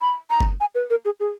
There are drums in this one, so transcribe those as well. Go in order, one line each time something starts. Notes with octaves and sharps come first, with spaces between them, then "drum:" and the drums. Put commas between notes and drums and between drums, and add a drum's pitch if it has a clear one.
B5
A#5
drum: kick F#1
G#5
B4
A#4
G#4
G#4